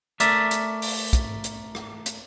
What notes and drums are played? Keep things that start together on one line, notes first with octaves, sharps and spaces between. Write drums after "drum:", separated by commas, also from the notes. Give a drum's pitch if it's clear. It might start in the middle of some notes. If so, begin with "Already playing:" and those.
A3 A#4 D5 E5, drum: hi-hat
drum: hi-hat
drum: open hi-hat
drum: kick, hi-hat
drum: hi-hat
drum: rim click
drum: hi-hat